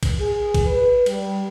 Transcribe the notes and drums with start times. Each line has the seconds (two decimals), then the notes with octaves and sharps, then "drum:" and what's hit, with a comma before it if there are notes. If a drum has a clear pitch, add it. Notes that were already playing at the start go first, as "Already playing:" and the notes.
0.03 drum: kick, cymbal
0.20 G#4
0.54 drum: kick, cymbal
0.65 B4
1.06 G3, drum: cymbal